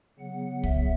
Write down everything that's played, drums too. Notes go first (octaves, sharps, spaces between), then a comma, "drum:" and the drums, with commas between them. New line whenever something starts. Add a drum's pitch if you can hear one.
C#3 F#3 B3 F#5
E5, drum: kick C2